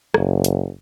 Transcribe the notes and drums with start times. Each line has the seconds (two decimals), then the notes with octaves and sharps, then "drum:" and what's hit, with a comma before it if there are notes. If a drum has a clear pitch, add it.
0.14 F#1, drum: rim click
0.44 drum: hi-hat